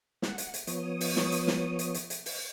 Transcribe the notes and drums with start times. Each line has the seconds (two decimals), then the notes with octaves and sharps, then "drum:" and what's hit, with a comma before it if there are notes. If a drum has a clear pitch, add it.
0.22 F#5, drum: snare
0.38 drum: hi-hat
0.54 drum: hi-hat
0.67 F3 B3 C#5 D#6, drum: hi-hat
1.01 drum: open hi-hat
1.16 drum: snare
1.32 drum: hi-hat
1.47 drum: snare
1.79 drum: hi-hat
1.94 drum: hi-hat
2.10 drum: hi-hat
2.26 drum: open hi-hat